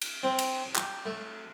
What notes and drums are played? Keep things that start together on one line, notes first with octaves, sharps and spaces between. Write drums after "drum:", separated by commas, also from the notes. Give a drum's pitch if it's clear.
drum: cymbal
C4
drum: cymbal
G4, drum: clap
A3